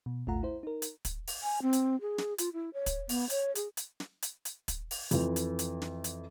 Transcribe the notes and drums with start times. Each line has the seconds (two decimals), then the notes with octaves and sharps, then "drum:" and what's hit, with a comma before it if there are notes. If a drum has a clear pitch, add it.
0.06 B2
0.27 A1 D#2 A3 F4 F#5 A#5
0.43 E4 C5
0.63 D#4 A#4
0.82 drum: hi-hat
1.05 drum: kick, hi-hat
1.27 drum: open hi-hat
1.43 G#5
1.62 C4
1.73 drum: hi-hat
2.01 G#4
2.18 drum: snare
2.38 F4, drum: hi-hat
2.53 E4
2.74 C#5
2.86 drum: kick, hi-hat
3.09 B3, drum: open hi-hat
3.30 C#5, drum: hi-hat
3.55 G#4, drum: hi-hat
3.77 drum: hi-hat
4.00 drum: snare
4.23 drum: hi-hat
4.45 drum: hi-hat
4.68 drum: kick, hi-hat
4.91 drum: open hi-hat
5.11 F2 E3, drum: hi-hat
5.36 drum: hi-hat
5.59 drum: hi-hat
5.82 drum: snare
6.04 drum: hi-hat